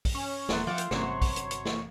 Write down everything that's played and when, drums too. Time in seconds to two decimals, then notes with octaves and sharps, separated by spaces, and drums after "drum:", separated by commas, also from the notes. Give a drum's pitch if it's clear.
0.05 drum: kick, open hi-hat
0.15 C#4
0.49 D#1 F#3 A3 B3 C6, drum: snare
0.67 D#3 F3 F4 C#5 E5 F#5 G5 D6
0.78 drum: hi-hat
0.91 G1 F#2 C3 F#3 C5 C#5, drum: snare
1.22 drum: kick, open hi-hat
1.36 drum: hi-hat
1.51 drum: hi-hat
1.65 drum: snare